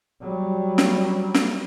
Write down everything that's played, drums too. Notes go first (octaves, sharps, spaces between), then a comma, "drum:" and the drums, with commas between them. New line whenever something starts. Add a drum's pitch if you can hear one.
F#3 G3
drum: snare
drum: snare